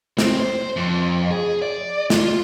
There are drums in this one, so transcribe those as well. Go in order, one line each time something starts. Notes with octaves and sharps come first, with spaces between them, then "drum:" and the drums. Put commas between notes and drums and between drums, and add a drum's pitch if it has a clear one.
C4, drum: snare
C5
F2
G#4
D5
F4, drum: snare